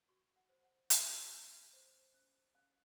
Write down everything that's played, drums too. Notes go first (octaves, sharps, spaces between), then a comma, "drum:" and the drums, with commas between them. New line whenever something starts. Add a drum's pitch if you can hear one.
F#4 C#6
F#5
C5
F#5
C#4 F#5, drum: hi-hat
C#4
C5
C#4
C#4 F5